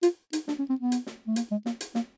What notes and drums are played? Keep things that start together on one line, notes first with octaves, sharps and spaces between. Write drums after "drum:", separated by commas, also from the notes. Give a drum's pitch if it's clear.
F4, drum: hi-hat
D#4, drum: hi-hat
D4, drum: snare
C#4
C4
B3
drum: hi-hat
drum: snare
A3
A#3, drum: hi-hat
G#3
A#3, drum: snare
drum: hi-hat
A#3, drum: snare